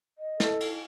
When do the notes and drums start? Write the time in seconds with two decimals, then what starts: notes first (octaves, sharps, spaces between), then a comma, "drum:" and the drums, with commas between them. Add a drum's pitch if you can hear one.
0.18 D#5
0.40 E4 A4, drum: snare
0.60 drum: cymbal